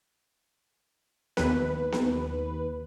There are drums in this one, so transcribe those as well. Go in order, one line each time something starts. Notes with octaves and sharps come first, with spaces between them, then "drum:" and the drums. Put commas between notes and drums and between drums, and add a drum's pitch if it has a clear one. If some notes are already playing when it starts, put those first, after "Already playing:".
D#2 B4, drum: snare B3
drum: snare B3